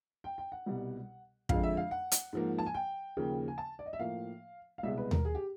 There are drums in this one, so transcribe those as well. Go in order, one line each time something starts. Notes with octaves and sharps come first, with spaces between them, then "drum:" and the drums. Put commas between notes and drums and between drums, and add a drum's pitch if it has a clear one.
G5
G5
F#5
C2 B2 G3
F2 D3 F3 G#3 F5, drum: kick
E5
F5
F#5
drum: hi-hat
G#2 F3 A#3
A5
G#5
G5
D#2 C#3 F3 A#3
G#5
A5
D5
D#5
E5
A2 F3 A#3 F5
F5
C2 B2 G#3 E5
B4
A#4, drum: tom D#2
G#4
G4